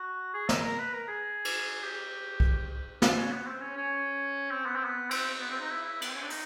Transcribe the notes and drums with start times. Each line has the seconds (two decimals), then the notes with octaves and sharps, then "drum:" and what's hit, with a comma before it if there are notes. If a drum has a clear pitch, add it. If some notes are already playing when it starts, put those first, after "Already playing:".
Already playing: F#4
0.34 G#4
0.49 A#4, drum: snare
0.64 A#4
0.79 B4
0.94 A#4
1.08 G#4
1.45 drum: cymbal
1.83 G4
2.40 drum: kick C2
3.02 D4, drum: snare
3.17 C#4
3.32 B3
3.47 C4
3.62 C#4
3.77 C#4
4.51 C4
4.66 B3
4.76 C4
4.84 B3
5.11 C4, drum: cymbal
5.40 B3
5.50 C4
5.61 D#4
5.71 E4
5.85 E4
6.02 B3, drum: cymbal
6.09 C4
6.16 C#4
6.23 D4
6.30 D#4, drum: open hi-hat